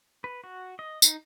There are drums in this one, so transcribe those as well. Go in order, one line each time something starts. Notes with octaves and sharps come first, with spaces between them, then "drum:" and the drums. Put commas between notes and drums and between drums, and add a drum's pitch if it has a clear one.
B4
F#4
D#5
D#4, drum: tambourine